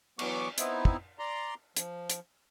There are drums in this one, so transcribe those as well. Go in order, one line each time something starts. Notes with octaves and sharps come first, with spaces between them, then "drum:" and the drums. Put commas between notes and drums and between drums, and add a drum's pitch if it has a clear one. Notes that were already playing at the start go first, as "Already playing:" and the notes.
E3 F#3 B3 C#6 D6, drum: cymbal
B3 C4 D#4 E4, drum: hi-hat
drum: kick
D5 A#5 C6
F3, drum: hi-hat
drum: hi-hat